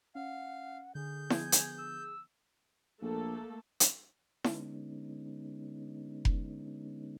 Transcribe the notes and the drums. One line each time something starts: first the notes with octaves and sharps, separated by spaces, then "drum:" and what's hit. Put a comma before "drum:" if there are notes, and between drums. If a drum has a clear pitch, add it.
C#4 F5 F#5
D3 G#4 G6
D3 F3 B3 G#5, drum: snare E4
drum: hi-hat
E6
A#1 A3 A#3 A4
drum: hi-hat
D3 G#3 B3 C#4 D#4, drum: snare E4
drum: kick F1